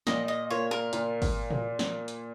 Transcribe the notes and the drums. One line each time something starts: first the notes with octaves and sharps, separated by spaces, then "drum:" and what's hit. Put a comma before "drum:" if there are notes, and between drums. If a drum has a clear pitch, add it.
A#2 D#5, drum: snare
D#5
A#3 F4 C#5
A#4
A#2, drum: hi-hat
drum: kick G#1, open hi-hat
drum: tom
drum: snare
drum: hi-hat